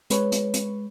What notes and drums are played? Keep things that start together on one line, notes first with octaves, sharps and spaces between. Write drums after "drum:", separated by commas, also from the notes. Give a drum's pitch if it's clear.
G#3 B4 C#5, drum: hi-hat
drum: hi-hat
drum: hi-hat